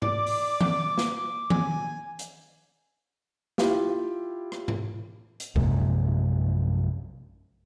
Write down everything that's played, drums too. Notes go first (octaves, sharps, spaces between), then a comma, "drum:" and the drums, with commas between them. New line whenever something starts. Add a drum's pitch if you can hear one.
D5 D6, drum: tom G#2
drum: open hi-hat
drum: tom D#3
drum: snare
G#5, drum: tom D#3
drum: hi-hat
E4 F4 G4, drum: snare
drum: rim click
drum: tom G#2
drum: hi-hat
A#1 F#2 C3 G#3, drum: kick